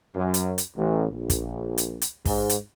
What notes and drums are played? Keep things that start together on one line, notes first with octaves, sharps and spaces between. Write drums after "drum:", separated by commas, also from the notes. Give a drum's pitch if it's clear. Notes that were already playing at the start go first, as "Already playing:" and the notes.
F#2
drum: hi-hat
drum: hi-hat
A1
A#1
drum: kick, hi-hat
drum: hi-hat
drum: hi-hat
G#2, drum: kick, open hi-hat
drum: hi-hat